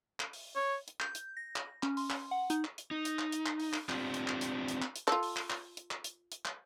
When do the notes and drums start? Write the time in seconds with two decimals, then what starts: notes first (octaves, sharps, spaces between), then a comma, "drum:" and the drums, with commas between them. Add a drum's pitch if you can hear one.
0.20 drum: clap
0.33 drum: open hi-hat
0.56 C#5
0.88 drum: hi-hat
1.00 G6, drum: clap
1.15 drum: hi-hat
1.37 A#6
1.56 drum: clap
1.83 C#4, drum: clap
1.97 C6, drum: open hi-hat
2.10 drum: clap
2.31 F#5
2.50 D#4, drum: hi-hat
2.64 drum: clap
2.78 drum: hi-hat
2.91 D#4
3.05 drum: hi-hat
3.19 drum: clap
3.32 drum: hi-hat
3.46 drum: clap
3.60 drum: open hi-hat
3.73 drum: clap
3.89 C4 D4 F4 G4, drum: clap
4.14 drum: hi-hat
4.28 drum: clap
4.41 drum: hi-hat
4.68 drum: hi-hat
4.82 drum: clap
4.96 drum: hi-hat
5.08 F4 A4, drum: clap
5.23 drum: open hi-hat
5.36 drum: clap
5.50 drum: clap
5.77 drum: hi-hat
5.91 drum: clap
6.04 drum: hi-hat
6.32 drum: hi-hat
6.45 drum: clap